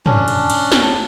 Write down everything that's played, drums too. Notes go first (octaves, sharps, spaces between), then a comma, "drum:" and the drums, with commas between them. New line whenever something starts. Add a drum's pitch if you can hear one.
C#4 D4, drum: tom
drum: cymbal
drum: cymbal
drum: snare